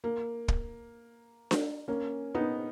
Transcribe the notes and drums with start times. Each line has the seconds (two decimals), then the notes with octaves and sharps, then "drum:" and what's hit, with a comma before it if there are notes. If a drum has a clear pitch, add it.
0.04 A#3
0.48 drum: kick
1.51 drum: snare D4
1.88 A#3 C#4
2.35 B3 D#4